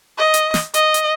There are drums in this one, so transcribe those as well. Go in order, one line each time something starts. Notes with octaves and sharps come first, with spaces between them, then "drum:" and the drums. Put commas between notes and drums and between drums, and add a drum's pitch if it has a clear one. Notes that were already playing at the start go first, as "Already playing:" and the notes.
D#5
drum: hi-hat
drum: snare
D#5, drum: hi-hat
drum: hi-hat